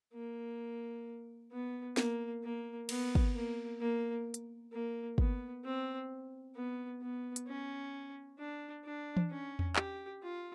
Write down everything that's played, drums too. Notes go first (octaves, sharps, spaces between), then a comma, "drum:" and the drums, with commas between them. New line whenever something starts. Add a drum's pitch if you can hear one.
A#3
B3
A#3, drum: snare
A#3
B3, drum: cymbal
drum: kick
A#3
A#3
drum: hi-hat
A#3
B3, drum: kick
C4
B3
B3
drum: hi-hat
C#4
D4
D4
drum: tom E3
C#4
drum: tom E2
G4, drum: clap
F4